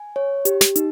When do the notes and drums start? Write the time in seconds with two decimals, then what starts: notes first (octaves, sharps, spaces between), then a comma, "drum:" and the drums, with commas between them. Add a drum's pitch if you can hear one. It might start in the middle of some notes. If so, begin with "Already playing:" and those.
Already playing: G#5
0.16 C#5
0.45 G4, drum: hi-hat
0.61 drum: snare
0.76 D#4, drum: hi-hat